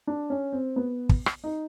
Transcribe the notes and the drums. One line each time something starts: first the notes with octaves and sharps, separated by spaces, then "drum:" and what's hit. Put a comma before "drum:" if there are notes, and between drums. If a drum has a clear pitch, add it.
D4
C#4
C4
B3
drum: kick
drum: rim click
D#4